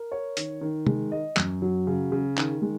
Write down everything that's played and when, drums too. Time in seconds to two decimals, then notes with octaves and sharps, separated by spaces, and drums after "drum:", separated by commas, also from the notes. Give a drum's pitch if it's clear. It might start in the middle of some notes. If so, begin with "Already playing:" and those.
Already playing: A#4
0.12 C#5
0.37 D#3, drum: hi-hat
0.61 D#3
0.87 G#3, drum: tom C3
1.12 D#5
1.37 F#2, drum: clap
1.62 F#3
1.87 C#3
2.12 C#3
2.37 D#3, drum: clap
2.62 G#3